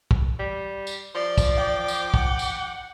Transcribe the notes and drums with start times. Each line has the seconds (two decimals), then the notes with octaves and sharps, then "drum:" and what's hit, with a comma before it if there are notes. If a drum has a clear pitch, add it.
0.11 drum: kick
0.39 G3
0.87 drum: tambourine
1.15 F3 D5 C6
1.38 drum: kick, tambourine
1.54 G5 D6
1.88 drum: tambourine
2.14 F#5, drum: kick
2.39 drum: tambourine